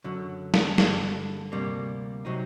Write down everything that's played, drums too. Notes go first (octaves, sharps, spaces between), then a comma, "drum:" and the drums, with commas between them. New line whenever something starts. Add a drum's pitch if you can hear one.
F#2 D3 F#3
drum: snare
G2 D3 G3, drum: snare
D2 C3 G3 A#3
C3 F#3 C4 D#4